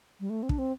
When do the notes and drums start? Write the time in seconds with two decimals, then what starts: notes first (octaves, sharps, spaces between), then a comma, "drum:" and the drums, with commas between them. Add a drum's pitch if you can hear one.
0.20 G3
0.30 A3
0.43 C4
0.49 D4, drum: kick
0.59 C4